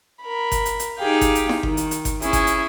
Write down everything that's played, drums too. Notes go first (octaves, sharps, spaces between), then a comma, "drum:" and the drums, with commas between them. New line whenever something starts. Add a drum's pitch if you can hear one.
A#4 B5
drum: kick G1, hi-hat
drum: hi-hat
drum: hi-hat
D#4 G4 G#4 F5 G5
drum: kick G1, hi-hat
drum: hi-hat
drum: snare E4
D#3, drum: kick G1
drum: hi-hat
drum: hi-hat
drum: kick G1, hi-hat
C#4 E4 G#4, drum: hi-hat
drum: kick G1, hi-hat
drum: hi-hat